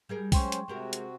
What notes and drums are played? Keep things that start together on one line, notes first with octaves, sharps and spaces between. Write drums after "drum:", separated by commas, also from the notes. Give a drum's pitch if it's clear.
G3 G#4 A#4
F#3 G#3 C#4 C5 G5 C6 C#6, drum: kick B1, open hi-hat
drum: hi-hat
C3 G#3 F#4 G4 A#4
drum: hi-hat